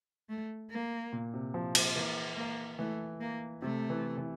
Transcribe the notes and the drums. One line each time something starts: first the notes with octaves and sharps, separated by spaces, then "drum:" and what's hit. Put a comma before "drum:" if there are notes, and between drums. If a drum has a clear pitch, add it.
A3
A#3
A#2
C3
F3
F3, drum: cymbal
E3 A#3
A#3
E3 A3
A#3
C3 A3
E3
E3